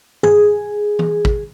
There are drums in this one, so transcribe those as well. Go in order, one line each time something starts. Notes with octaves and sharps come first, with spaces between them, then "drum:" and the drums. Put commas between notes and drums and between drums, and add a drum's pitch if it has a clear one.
G#4, drum: tom
drum: tom E3
drum: kick